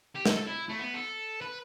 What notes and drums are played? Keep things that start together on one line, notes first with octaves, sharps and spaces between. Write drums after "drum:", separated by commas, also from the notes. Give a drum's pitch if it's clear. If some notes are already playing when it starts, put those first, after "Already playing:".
G4
A4, drum: snare
A4
E4
A3
B3
A4
B4